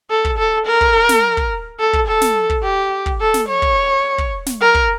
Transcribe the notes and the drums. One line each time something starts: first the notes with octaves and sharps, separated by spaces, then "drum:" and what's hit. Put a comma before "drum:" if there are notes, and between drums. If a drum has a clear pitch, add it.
A4
drum: kick
A4
A#4
drum: kick
drum: snare
drum: kick
A4
drum: kick
A4
drum: snare
drum: kick
G4
drum: kick
A4
drum: snare
C#5
drum: kick
drum: kick
drum: snare
A#4
drum: kick